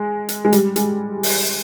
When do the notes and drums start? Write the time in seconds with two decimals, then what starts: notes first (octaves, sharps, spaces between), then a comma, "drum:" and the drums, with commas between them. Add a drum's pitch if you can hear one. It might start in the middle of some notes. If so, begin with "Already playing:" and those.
Already playing: G#3
0.29 drum: hi-hat
0.45 G#3
0.53 G3, drum: hi-hat
0.76 G#3, drum: hi-hat
1.23 drum: open hi-hat